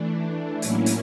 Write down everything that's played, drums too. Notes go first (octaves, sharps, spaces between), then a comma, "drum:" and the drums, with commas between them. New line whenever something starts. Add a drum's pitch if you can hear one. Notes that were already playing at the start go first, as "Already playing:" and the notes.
Already playing: E3 A3 D4
A2 F#3 A#3 C#4 E4, drum: hi-hat
drum: hi-hat